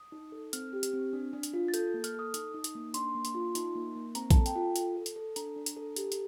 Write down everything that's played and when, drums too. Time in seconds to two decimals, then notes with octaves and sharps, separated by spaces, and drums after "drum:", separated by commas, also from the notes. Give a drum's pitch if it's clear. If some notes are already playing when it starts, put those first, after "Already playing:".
Already playing: D#6
0.12 D#4
0.32 A4
0.53 C4 F6, drum: hi-hat
0.73 G4
0.83 drum: hi-hat
0.93 C4
1.13 D4
1.33 D4
1.43 drum: hi-hat
1.54 F4
1.68 A6
1.74 A4 G6, drum: hi-hat
1.94 A#3
2.04 F6, drum: hi-hat
2.14 A4 D#6
2.34 D#4, drum: hi-hat
2.54 D#4
2.64 drum: hi-hat
2.75 A#3
2.94 D4 C6, drum: hi-hat
3.15 A#3
3.25 drum: hi-hat
3.35 F4
3.55 D#4, drum: hi-hat
3.75 A#3
3.95 A#3
4.15 C4 A#5, drum: hi-hat
4.30 A4 A5, drum: kick A#1, hi-hat
4.46 G5, drum: hi-hat
4.56 F4
4.76 A4, drum: hi-hat
4.96 A4
5.06 drum: hi-hat
5.16 A4
5.36 D4 A#5, drum: hi-hat
5.56 D4
5.66 drum: hi-hat
5.77 A4
5.96 G4, drum: hi-hat
6.12 drum: hi-hat